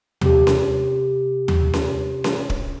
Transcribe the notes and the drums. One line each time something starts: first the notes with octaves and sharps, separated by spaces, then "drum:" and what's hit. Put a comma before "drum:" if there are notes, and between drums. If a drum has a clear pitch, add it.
C3 G4, drum: tom D#2
drum: snare C#4
drum: tom D#2
drum: snare C#4
drum: snare C#4
drum: kick D1